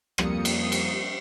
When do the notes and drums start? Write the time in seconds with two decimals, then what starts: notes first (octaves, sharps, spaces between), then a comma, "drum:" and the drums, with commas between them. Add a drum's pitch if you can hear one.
0.18 F2 G3 A#3 D#6 C#7, drum: rim click
0.45 drum: cymbal
0.72 drum: cymbal